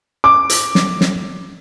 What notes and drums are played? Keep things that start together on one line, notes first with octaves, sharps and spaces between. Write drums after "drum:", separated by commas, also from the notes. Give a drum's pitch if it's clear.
D6
drum: hi-hat
drum: snare
drum: snare